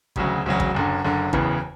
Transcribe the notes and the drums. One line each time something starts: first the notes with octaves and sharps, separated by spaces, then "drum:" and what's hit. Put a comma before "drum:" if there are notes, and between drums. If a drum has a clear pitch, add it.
E1 D2 C#3 F#3, drum: kick A1
E1 D2 C#3 F#3
drum: kick A1
F#1 F#2 D3
F#1 F#2 D3
F#1 E2 C#3 E3 B3, drum: kick A1